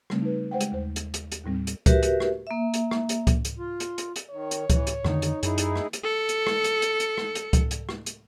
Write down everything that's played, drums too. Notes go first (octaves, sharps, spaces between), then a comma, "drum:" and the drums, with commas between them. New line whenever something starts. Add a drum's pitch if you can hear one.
C#3 G3 A3 C4, drum: rim click
D#4 B4
G#3 C5 F#5 G5
drum: hi-hat
D#2 C5
drum: hi-hat
drum: hi-hat
drum: hi-hat
D#2 A2 G3 C4
drum: hi-hat
F#4 G4 A#4 B4 E5, drum: kick C#2, hi-hat
drum: hi-hat
drum: rim click
A#3 E5
drum: hi-hat
drum: rim click
drum: hi-hat
drum: kick C#2, hi-hat
drum: hi-hat
F4
drum: hi-hat
drum: hi-hat
drum: hi-hat
D#3 C#5
drum: hi-hat
E3, drum: kick C#2, hi-hat
drum: hi-hat
F2 D3 D#3 D#4, drum: rim click
drum: hi-hat
F#2 D#4 E4 G#4, drum: hi-hat
drum: hi-hat
drum: rim click
drum: hi-hat
A4 C#7
drum: hi-hat
drum: rim click
drum: hi-hat
drum: hi-hat
drum: hi-hat
drum: rim click
drum: hi-hat
drum: kick C#2, hi-hat
drum: hi-hat
drum: rim click
drum: hi-hat